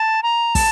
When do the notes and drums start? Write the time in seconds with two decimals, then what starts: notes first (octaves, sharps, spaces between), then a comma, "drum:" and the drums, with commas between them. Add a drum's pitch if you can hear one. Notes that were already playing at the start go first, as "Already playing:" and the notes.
Already playing: A5
0.23 A#5
0.55 A5, drum: kick, open hi-hat